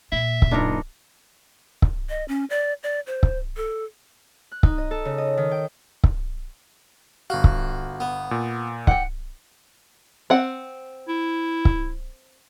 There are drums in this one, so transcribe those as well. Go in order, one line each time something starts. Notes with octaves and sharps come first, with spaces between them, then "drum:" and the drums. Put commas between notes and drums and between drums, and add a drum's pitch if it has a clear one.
A#2 E5
drum: kick C#1
F#1 D4 D#4 F4 A#4
drum: kick C#1
D#5
C#4
D5
D5
C5
drum: kick C#1
A4
F#6
D#4, drum: kick C#1
D#5
A4
C#3
D#5
D#3
G5
drum: kick C#1
G1 F#4 F5
drum: kick C#1
B3
A#2
F#5 G5, drum: kick C#1
C4 F#5
E4
drum: kick C#1